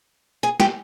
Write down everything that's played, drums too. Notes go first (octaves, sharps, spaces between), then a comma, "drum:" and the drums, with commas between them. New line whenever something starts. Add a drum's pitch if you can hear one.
G#4
G4, drum: snare